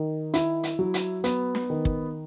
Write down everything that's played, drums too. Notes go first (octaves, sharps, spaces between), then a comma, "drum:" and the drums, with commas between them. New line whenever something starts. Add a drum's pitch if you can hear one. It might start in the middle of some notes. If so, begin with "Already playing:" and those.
Already playing: D#3
E4, drum: hi-hat
drum: hi-hat
F#3
drum: hi-hat
B3, drum: hi-hat
drum: snare
D#3
drum: kick